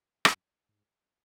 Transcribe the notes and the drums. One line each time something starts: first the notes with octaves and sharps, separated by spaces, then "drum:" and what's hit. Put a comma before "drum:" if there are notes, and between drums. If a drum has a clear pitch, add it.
F#2, drum: rim click
G#2